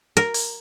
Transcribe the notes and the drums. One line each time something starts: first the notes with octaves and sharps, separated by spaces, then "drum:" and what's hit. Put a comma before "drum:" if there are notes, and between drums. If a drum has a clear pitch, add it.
A#4, drum: hi-hat
drum: open hi-hat